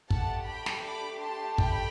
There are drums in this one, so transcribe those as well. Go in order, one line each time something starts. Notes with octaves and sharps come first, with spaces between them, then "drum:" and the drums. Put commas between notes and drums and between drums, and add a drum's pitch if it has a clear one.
A3 D4 G4 F#5 A5, drum: kick
G5 B5
drum: snare
B5 D6
A5 C6
G5 B5, drum: kick